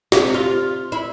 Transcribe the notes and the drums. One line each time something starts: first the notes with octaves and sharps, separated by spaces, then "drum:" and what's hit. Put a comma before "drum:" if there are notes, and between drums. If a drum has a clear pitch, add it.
C3, drum: snare
F4
E4